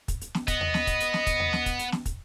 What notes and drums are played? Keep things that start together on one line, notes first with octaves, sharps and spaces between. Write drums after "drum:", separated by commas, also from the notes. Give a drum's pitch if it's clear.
drum: kick, hi-hat
drum: hi-hat
drum: snare
B3 D#5, drum: kick, hi-hat
drum: tom D#2
drum: snare
drum: kick, hi-hat
drum: hi-hat
drum: snare
drum: kick, hi-hat
drum: tom D#2
drum: snare
drum: kick, hi-hat
drum: hi-hat
drum: snare
drum: kick, hi-hat